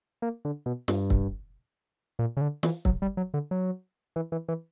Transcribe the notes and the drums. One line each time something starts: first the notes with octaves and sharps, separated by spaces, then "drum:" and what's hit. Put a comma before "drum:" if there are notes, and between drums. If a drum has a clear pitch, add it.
A#3
D3
B2
G2, drum: snare
drum: kick
A#2
C#3
D3
E3, drum: snare
F#3, drum: kick
G3
F#3
D3
F#3
E3
E3
E3